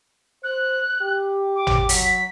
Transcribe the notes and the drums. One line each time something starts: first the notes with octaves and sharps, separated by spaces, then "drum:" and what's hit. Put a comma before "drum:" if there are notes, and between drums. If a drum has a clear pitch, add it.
C5 F#6
G4
D6
drum: tom
F#3 B6, drum: hi-hat